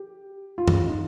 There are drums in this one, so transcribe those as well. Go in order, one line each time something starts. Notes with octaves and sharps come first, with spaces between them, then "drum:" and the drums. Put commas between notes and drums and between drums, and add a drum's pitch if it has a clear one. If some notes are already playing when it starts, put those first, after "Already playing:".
Already playing: G4
F4
drum: tom
D#4